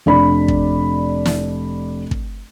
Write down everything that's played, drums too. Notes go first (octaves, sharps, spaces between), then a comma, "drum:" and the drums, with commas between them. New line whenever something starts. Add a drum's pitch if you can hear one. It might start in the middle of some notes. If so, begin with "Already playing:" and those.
F1 D4 D5 B5
drum: kick
drum: snare
drum: kick